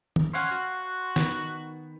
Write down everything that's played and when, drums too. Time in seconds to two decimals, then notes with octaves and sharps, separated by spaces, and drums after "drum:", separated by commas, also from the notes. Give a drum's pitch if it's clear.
0.16 drum: tom
0.33 C#4 C5 F5 F#5
0.51 F#4
1.16 D#3 B3, drum: snare